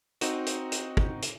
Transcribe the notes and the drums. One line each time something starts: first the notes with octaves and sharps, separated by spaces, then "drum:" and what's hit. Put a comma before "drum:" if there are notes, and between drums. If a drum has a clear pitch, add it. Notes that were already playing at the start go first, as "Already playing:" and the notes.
C4 D#4 F#4, drum: hi-hat
drum: hi-hat
drum: hi-hat
drum: kick
drum: hi-hat